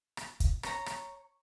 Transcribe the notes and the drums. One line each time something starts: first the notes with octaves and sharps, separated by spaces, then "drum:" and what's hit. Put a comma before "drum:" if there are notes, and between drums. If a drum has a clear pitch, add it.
drum: rim click
drum: kick, hi-hat
C#5 A#5, drum: rim click
drum: rim click